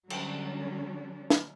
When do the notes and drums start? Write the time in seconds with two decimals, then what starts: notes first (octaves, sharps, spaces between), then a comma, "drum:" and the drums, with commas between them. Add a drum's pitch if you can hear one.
0.10 D3 F#3 G3 C#4 D4, drum: cymbal
1.30 drum: snare